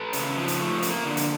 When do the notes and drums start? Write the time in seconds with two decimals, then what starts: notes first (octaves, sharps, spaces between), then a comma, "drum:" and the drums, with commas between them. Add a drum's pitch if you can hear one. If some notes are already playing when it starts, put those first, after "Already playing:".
Already playing: A4 B4
0.13 C#3, drum: hi-hat
0.37 F3
0.48 drum: hi-hat
0.60 A3
0.82 A#3, drum: hi-hat
1.05 D3
1.17 drum: hi-hat